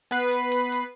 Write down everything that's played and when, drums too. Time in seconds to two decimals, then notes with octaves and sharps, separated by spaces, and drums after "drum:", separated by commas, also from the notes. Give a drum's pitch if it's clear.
0.11 B3 B4 C7, drum: hi-hat
0.31 drum: hi-hat
0.52 drum: open hi-hat
0.72 drum: hi-hat